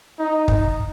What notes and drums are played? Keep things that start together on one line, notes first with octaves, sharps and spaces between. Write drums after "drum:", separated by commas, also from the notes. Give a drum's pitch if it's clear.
D#4
drum: kick